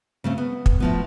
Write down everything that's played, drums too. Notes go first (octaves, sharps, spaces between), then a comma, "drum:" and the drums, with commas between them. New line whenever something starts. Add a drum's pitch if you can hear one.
C#3 A3 C4
B3
drum: kick
A2 F3 B3